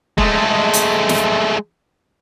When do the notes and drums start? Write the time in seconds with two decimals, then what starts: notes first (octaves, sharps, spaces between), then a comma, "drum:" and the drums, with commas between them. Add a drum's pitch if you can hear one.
0.18 G#3 A3, drum: kick
0.73 drum: hi-hat
1.09 drum: snare